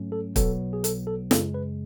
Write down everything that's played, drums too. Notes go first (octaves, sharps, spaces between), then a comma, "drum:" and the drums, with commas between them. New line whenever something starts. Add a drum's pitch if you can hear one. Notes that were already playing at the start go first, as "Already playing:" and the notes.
Already playing: G#2 F#3 A3 C#4
A4
B1 B2 F#3 B3 A4, drum: kick, hi-hat
G#4
A4, drum: hi-hat
A4
F#2 C#3 G#3 A4, drum: snare
B4